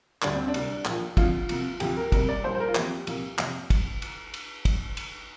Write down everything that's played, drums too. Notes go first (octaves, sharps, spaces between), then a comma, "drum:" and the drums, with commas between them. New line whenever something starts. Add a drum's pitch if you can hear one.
D2 D3 G3 D4, drum: clap
C4
D4
C2 C3 G3, drum: cymbal
A#1 A#2 F3, drum: clap
F2 D3 F3 F4, drum: kick, cymbal
C2 C3 F3, drum: cymbal
D2 C3 F3 G4, drum: cymbal
A#4
C2 C3 G3 A#4, drum: kick, cymbal
D5
A#1 A#2 G3 C5
C5
A#4
F4
F2 F3 G4, drum: clap
C2 A#2 F3, drum: cymbal
F1 F2 C3, drum: clap
drum: kick, cymbal
drum: cymbal
drum: cymbal
drum: kick, cymbal
drum: cymbal